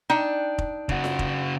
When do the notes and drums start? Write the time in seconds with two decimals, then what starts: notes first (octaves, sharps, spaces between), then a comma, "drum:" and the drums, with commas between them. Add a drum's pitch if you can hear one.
0.10 D4 D#4 G5
0.58 drum: kick F1
0.89 C#3 F#4, drum: kick F1
1.04 drum: snare F4
1.19 drum: kick F1